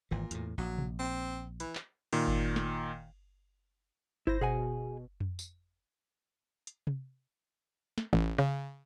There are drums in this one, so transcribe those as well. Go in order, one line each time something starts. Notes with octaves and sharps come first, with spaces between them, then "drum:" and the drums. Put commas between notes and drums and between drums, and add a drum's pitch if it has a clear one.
G#1 A#2 E3
E2 A2, drum: hi-hat
A#1 F#3
drum: tom C3
C4
E3, drum: hi-hat
drum: clap
A#2 D#3, drum: cymbal
drum: kick G1
drum: snare
E4 C5 A#6, drum: kick G1
B2 G#4 F#5 G#5
drum: tom F2
drum: tambourine
drum: hi-hat
drum: tom C3
drum: snare
A1
C#3